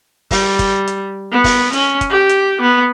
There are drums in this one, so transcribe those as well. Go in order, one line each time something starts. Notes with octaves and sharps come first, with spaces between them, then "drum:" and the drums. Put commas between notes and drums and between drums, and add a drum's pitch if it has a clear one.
G3, drum: kick G1, open hi-hat
drum: kick G1, hi-hat
drum: hi-hat
B3
drum: kick G1, open hi-hat
C#4, drum: hi-hat
drum: kick G1, hi-hat
G4
drum: hi-hat
B3